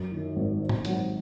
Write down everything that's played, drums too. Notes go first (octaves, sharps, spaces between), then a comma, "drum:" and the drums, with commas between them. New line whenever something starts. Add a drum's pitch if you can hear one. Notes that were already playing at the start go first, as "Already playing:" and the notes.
Already playing: F#2
D#3
G#1
D#3
drum: tom G#2
F#3, drum: hi-hat